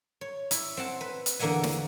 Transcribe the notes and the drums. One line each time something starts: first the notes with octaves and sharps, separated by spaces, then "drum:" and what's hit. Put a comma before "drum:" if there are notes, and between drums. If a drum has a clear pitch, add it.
C#5
E4, drum: hi-hat
C4 F#5 A5
B4
drum: hi-hat
E2 D3 A#3 E5 F#5 G#5
drum: snare